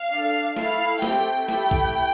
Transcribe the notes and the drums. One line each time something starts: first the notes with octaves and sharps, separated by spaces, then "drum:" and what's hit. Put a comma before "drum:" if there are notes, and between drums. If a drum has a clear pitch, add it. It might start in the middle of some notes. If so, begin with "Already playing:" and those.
Already playing: F5
D4 A4
A3 E4 A4 F5, drum: snare
A3 C4 G4 G5, drum: snare
A3 E4 G4 G5, drum: snare
drum: kick